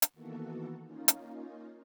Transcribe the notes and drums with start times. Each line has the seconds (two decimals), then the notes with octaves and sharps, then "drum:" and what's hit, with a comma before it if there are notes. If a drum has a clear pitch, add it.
0.02 drum: hi-hat
0.13 D#3 E3 A#3 B3 F#4 A4
0.84 A#3 C#4 D#4 F4
1.08 drum: hi-hat